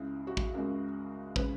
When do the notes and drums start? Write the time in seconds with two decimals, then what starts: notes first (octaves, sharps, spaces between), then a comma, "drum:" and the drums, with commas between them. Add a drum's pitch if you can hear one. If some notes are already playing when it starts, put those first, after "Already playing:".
Already playing: C#2 C#3 G#3 E4
0.27 F#4
0.37 drum: kick
0.54 C#2 C#3 G#3 A#4
1.36 C#3 G#3 B4, drum: kick